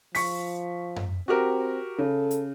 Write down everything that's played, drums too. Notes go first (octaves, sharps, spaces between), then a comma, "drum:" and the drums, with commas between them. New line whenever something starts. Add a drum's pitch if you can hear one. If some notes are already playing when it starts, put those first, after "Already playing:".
F3 C#6 B6, drum: open hi-hat
drum: tom F#2
C4 F#4 G4 A#4
C#3 A4
drum: hi-hat